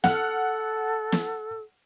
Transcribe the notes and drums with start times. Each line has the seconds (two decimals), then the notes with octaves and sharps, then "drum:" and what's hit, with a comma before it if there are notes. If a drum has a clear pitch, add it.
0.04 A4 F#5 F6, drum: snare
1.12 drum: snare